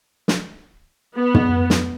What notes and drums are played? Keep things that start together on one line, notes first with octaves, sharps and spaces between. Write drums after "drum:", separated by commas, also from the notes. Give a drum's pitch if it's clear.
drum: snare
B3
drum: tom
drum: snare